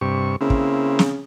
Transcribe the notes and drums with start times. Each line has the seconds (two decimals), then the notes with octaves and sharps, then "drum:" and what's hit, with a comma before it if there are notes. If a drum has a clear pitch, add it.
0.01 G2 C3 C#6
0.41 C#3 A#3 C4 E4
0.50 drum: kick
0.99 drum: snare